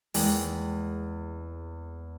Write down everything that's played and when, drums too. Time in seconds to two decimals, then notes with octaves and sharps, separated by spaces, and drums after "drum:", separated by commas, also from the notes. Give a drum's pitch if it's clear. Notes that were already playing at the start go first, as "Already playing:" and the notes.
0.14 E2 G#3 A#3 G5, drum: open hi-hat